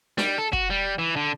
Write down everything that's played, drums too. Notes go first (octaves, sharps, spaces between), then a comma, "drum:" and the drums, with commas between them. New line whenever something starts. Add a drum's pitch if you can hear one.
G3, drum: snare
A4
F#4, drum: kick
G3
E3
D3